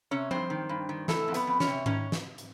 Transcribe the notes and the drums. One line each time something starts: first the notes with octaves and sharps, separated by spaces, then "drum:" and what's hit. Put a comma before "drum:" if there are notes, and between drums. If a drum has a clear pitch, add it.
C3 C#4 C#5
G2 C4 C5, drum: tom F3
D#3
G2
D#3
E3 A3 A4, drum: snare
F2
B3 B4, drum: hi-hat
F2
C#4 C#5, drum: snare
C3
D#3 C#4 C#5, drum: tom G#2
drum: snare
drum: hi-hat